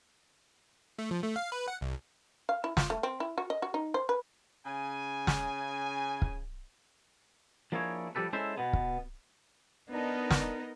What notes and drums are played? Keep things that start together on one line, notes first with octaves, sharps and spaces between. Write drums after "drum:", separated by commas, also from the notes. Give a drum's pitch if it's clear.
A3
F3
A3
F5
B4
F#5
C2
F5
E4
F4, drum: snare
A3
C4
E4
F#4
D#5
F#4
D#4
C5
B4
C#3 G#5
drum: snare
drum: kick
F3 A#3 D4 E4 G#4 C#5
F3 G3 G4 A4 B4
G#3 C#4 E4 A4 C5 E5
B2 B3
drum: kick
B3 D4 D#4 A#4 D5 D#5 A5
drum: snare